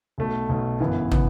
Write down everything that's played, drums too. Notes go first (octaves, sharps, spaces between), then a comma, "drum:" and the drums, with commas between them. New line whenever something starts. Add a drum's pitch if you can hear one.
B1 B2 A3
B1 B2 A3
G1 F#2 E3 B3
E3 B3, drum: tom